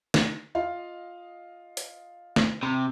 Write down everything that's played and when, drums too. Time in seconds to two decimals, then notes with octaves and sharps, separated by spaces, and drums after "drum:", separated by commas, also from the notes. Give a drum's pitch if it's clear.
0.14 drum: snare
0.55 F4 D#5 F5
1.77 drum: hi-hat
2.36 drum: snare
2.63 C3 C6